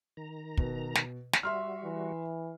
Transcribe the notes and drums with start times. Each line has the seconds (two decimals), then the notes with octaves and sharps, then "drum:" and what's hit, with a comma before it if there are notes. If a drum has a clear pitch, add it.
0.17 D#3 A#5
0.57 B2, drum: kick
0.95 drum: snare
1.33 drum: snare
1.43 G3 F#4 E5 C6 F6
1.84 E3